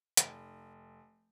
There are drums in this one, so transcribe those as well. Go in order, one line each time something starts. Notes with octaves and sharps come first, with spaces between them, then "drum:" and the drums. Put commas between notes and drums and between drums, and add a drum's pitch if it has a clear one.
F1, drum: hi-hat